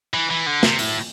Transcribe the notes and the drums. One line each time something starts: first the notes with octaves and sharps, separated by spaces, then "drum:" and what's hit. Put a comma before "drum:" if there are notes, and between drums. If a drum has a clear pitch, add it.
E3
E3
D3
C3, drum: snare
A2, drum: open hi-hat